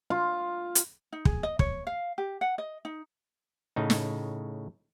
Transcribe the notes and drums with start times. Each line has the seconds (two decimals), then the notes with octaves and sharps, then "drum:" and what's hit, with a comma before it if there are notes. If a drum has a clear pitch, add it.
0.10 F4
0.75 drum: hi-hat
1.12 D#4
1.25 G#4, drum: kick
1.43 D#5
1.59 C#5, drum: kick
1.87 F5
2.18 G4
2.41 F#5
2.58 D#5
2.85 D#4
3.76 A2 C#3 D#4
3.90 drum: snare